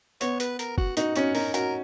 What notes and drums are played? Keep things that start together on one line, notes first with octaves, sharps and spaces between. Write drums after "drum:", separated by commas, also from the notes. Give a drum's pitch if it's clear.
B3 C#5, drum: hi-hat
B4, drum: hi-hat
A#4, drum: hi-hat
F#4, drum: kick
D#4 F#4, drum: hi-hat
C#4 F#4, drum: hi-hat
D#4 A#4, drum: open hi-hat
F#4 A#4, drum: hi-hat